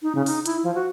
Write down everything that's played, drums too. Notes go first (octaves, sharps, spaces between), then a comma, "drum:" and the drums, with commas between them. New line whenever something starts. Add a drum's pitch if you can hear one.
D#4
C#3
D#4, drum: open hi-hat
E4, drum: hi-hat
F3
F#4